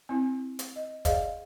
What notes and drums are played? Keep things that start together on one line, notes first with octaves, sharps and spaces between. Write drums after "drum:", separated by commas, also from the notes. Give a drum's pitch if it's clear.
C4 E4
drum: hi-hat
D#5
G#4 C5 D5 D#5 F5, drum: kick, hi-hat